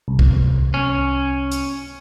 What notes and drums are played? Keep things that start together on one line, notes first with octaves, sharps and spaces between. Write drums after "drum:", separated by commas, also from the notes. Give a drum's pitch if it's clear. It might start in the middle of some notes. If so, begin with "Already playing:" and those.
C2
drum: kick C2
C#4
drum: hi-hat